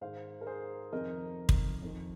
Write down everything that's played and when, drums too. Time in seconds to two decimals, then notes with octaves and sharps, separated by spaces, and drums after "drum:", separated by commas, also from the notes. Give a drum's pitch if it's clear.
0.01 G#2 D#3 C5 F5
0.41 A#4
0.47 G#4 C5
0.92 F2 C3 D#3 A#4 D#5
1.49 drum: kick
1.82 F2 D#3